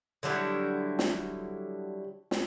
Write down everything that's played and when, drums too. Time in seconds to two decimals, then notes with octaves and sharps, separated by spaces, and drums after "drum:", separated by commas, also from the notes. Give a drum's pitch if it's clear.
0.23 D3 F#3 G3 E4
0.99 drum: snare
2.31 drum: snare